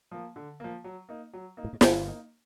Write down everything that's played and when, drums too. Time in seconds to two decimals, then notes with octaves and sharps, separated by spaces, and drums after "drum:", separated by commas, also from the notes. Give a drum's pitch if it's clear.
0.12 F3 A#3
0.36 D3
0.60 F3 A#3
0.84 F#3
1.09 A#3 D#4
1.33 F#3
1.57 A#3 D#4
1.64 A2
1.73 G#2
1.81 G1 G2 F#3, drum: snare
2.06 A#3 D#4